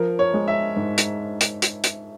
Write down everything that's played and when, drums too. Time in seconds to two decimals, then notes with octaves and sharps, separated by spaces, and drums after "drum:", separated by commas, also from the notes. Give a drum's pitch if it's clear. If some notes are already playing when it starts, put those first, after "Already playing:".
Already playing: F3 A#4
0.19 C#5
0.34 G#3
0.48 E5
0.76 G#2
0.98 drum: hi-hat
1.41 drum: hi-hat
1.62 drum: hi-hat
1.84 drum: hi-hat